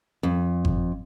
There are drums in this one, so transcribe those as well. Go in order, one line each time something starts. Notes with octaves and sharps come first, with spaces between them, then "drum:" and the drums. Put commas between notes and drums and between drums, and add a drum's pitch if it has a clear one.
F2
drum: kick G1